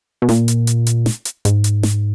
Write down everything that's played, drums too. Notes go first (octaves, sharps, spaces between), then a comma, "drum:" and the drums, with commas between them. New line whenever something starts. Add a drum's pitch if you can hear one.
B2
A#2, drum: snare
drum: hi-hat
drum: hi-hat
drum: hi-hat
drum: snare
drum: hi-hat
G#2, drum: hi-hat
drum: hi-hat
drum: snare